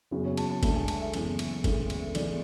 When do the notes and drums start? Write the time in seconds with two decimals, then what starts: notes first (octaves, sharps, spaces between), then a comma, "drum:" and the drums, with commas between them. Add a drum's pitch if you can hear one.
0.11 F#1 E2 C#3 F#4
0.25 C#5
0.37 A5, drum: cymbal
0.51 A5
0.63 D2 D3 G#3 D4 A5, drum: kick G1, cymbal
0.76 G#5
0.88 A5, drum: cymbal
1.01 E5
1.14 F#1 E2 C#3 E3, drum: cymbal
1.39 drum: cymbal
1.64 E1 D2 C#3, drum: kick G1, cymbal
1.90 drum: cymbal
2.15 A1 G#2 G#3 B3 D5, drum: cymbal